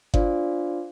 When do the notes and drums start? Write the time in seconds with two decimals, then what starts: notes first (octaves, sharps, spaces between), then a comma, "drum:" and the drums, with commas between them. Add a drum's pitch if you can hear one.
0.14 D4 F4 C5 D5 F5, drum: kick G1